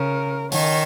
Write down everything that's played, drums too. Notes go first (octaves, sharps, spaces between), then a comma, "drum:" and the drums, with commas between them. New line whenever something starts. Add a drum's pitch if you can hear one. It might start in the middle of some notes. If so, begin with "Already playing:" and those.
Already playing: C#3 A#4
D#3 C#5, drum: open hi-hat